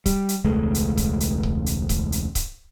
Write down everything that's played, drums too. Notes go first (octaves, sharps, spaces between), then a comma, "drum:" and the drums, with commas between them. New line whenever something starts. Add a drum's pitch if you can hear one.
G3, drum: kick C#1, hi-hat
drum: hi-hat
E1 C#2 G#3 A3
drum: hi-hat
drum: kick C#1, hi-hat
drum: hi-hat
drum: kick C#1
drum: hi-hat
drum: kick C#1, hi-hat
drum: hi-hat
drum: kick C#1, hi-hat